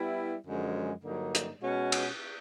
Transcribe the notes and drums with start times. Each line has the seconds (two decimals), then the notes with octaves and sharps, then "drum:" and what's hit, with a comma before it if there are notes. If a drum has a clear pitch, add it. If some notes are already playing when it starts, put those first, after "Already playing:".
Already playing: G3 B3 E4
0.46 F#2 D3 F3 G#3
1.03 G2 D3 F#3 A#3 D#4
1.35 drum: hi-hat
1.61 B2 G#3 C#4 F#4
1.92 drum: cymbal